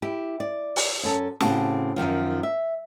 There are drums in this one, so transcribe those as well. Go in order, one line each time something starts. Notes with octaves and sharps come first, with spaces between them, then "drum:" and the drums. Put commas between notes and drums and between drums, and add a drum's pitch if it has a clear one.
E4 G4
D5
drum: open hi-hat
F#2 C#4 A4
A2 C#3 C4 F#4 G4 A5, drum: snare
F#2 A2 D#3 F3
E5